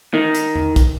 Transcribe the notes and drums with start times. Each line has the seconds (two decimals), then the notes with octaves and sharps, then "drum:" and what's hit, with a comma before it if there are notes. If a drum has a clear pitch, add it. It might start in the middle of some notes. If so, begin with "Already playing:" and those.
0.14 D#3
0.35 drum: hi-hat
0.55 drum: tom E2
0.76 drum: kick, hi-hat